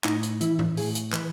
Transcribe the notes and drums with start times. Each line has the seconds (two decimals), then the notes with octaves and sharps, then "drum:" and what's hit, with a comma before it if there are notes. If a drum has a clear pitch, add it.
0.04 A2 D#4, drum: clap
0.23 drum: hi-hat
0.41 E3 E4, drum: hi-hat
0.59 drum: tom G#2
0.77 A2 G#4, drum: open hi-hat
0.95 drum: hi-hat
1.13 E3 B4, drum: clap